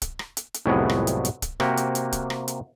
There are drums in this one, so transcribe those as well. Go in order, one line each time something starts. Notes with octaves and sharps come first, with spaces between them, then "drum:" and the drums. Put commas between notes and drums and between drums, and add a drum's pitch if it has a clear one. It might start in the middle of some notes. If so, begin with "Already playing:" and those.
drum: kick C#1, hi-hat
drum: rim click
drum: hi-hat
drum: hi-hat
C2 F2 A2 F#3 G#3 B3
drum: rim click
drum: hi-hat
drum: hi-hat
drum: kick C#1, hi-hat
C3 A#3 F#4 G4, drum: rim click
drum: hi-hat
drum: hi-hat
drum: kick C#1, hi-hat
drum: rim click
drum: hi-hat